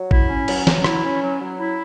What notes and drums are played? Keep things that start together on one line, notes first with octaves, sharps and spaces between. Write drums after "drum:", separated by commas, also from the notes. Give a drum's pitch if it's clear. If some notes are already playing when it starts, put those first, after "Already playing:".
Already playing: F#3
E4, drum: kick
C#4
F#3, drum: cymbal
F#3, drum: snare
E4, drum: rim click
C#4
F#3
F#3
E4